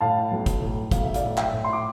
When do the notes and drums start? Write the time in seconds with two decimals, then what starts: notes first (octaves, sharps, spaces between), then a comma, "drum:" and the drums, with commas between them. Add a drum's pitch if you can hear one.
0.01 A2 F5 A5
0.31 B1
0.46 drum: kick, hi-hat
0.62 A2
0.91 B1 F5, drum: kick, hi-hat
1.04 E5
1.14 D5 F5, drum: hi-hat
1.22 A2
1.38 E5 G5, drum: clap
1.53 A2
1.64 C6
1.73 D6